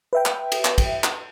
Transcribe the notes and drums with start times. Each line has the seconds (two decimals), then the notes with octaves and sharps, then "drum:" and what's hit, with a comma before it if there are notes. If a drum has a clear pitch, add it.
0.13 B4 E5 G5
0.26 drum: clap
0.52 drum: cymbal
0.65 drum: clap
0.78 drum: kick, cymbal
1.04 drum: clap